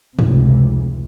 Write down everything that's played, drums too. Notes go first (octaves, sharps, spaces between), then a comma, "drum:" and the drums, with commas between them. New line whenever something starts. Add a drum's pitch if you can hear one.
F1 C#2 A2 C3, drum: tom G2